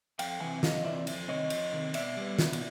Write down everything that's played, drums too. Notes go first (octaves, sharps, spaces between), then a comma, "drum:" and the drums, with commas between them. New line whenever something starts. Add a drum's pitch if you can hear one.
F2 F5 G5, drum: cymbal
C3 E3 F#5 G#5
F2 D#5 F5, drum: snare
C3 E3 D5 E5
F2, drum: cymbal
C3 D#3 C#5 D#5
F2, drum: cymbal
C3 D#3
B2 D5 E5, drum: cymbal
G3 B3
B2, drum: snare
drum: cymbal